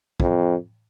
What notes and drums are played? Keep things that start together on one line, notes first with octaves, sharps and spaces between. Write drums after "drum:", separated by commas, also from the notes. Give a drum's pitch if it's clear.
F2, drum: kick